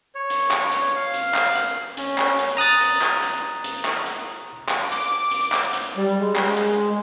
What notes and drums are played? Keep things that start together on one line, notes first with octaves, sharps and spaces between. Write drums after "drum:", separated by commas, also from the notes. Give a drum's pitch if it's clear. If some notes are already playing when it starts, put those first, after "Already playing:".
C#5
drum: hi-hat
drum: clap
drum: hi-hat
F5
drum: hi-hat
drum: clap
drum: hi-hat
C#4, drum: hi-hat
drum: clap
drum: hi-hat
A#5 D#6 F#6 A6
drum: hi-hat
drum: clap
drum: hi-hat
drum: hi-hat
drum: clap
drum: hi-hat
drum: clap
D6, drum: hi-hat
drum: hi-hat
drum: clap
drum: hi-hat
G3
G#3
drum: clap
drum: hi-hat